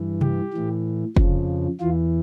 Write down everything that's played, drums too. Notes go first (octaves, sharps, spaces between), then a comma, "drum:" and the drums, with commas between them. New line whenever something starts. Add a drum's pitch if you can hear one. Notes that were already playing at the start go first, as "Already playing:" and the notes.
Already playing: G2 E3
G4, drum: tom C3
A2 E3
F2 C#3 F3, drum: kick
E2 E3 F4